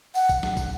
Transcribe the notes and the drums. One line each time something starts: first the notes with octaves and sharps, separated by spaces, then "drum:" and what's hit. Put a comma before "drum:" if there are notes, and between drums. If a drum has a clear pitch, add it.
F#5, drum: tambourine
drum: kick, tambourine
drum: snare
drum: kick, tambourine